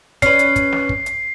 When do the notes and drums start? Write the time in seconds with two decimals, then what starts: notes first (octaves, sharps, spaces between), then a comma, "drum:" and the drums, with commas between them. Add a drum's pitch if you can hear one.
0.22 C#4 B4 C7, drum: kick, hi-hat
0.39 drum: hi-hat
0.56 drum: kick, hi-hat
0.73 drum: snare
0.89 drum: kick
1.06 drum: hi-hat